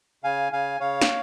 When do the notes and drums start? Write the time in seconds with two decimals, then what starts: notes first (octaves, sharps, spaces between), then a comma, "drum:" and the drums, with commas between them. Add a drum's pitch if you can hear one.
0.24 C#3 F5 G#5
0.52 C#3 F5 G#5
0.80 C#3 C#5 F5
1.01 drum: snare